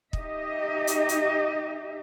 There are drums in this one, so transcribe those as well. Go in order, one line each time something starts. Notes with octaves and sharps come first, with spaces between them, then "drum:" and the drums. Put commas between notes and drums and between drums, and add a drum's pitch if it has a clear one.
D#4 G4 D#5 E5, drum: kick
drum: hi-hat
drum: hi-hat